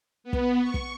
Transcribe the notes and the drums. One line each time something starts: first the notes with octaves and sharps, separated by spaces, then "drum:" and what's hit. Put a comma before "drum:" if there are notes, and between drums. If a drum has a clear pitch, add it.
B3
drum: kick
C#6
drum: kick